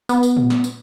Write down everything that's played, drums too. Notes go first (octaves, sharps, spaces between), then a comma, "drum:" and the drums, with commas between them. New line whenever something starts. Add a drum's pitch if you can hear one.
B3, drum: tambourine
drum: tambourine
drum: tom A#2
drum: snare
drum: tambourine